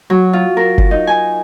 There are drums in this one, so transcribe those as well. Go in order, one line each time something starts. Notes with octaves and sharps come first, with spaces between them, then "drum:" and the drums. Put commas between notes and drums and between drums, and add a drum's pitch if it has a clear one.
F#3
F4
A#4
drum: kick F#1
D#4
G#5